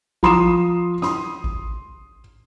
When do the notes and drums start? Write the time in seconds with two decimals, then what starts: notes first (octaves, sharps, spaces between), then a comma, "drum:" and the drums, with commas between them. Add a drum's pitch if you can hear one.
0.23 F3 A#5 C6 D6 D#6 E7, drum: kick G#1
1.02 C6 D#6, drum: snare
1.44 drum: kick G#1